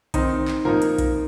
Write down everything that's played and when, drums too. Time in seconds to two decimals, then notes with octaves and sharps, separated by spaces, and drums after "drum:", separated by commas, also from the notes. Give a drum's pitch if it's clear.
0.14 D#3 C4 D#4, drum: kick B1, hi-hat
0.48 drum: clap
0.65 F3 A#3 D#4 A#4, drum: tom
0.82 drum: hi-hat
0.98 drum: kick B1, hi-hat